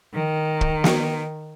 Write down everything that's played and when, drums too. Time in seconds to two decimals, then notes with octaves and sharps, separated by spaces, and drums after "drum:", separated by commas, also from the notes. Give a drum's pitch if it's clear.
0.15 D#3
0.61 drum: kick
0.84 drum: snare